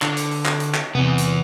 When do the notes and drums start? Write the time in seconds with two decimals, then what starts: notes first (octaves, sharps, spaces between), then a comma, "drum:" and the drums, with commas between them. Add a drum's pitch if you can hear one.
0.02 D3, drum: clap
0.17 drum: hi-hat
0.31 drum: open hi-hat
0.46 drum: clap
0.60 drum: hi-hat
0.74 drum: clap
0.95 E2 C3 B3
1.18 drum: hi-hat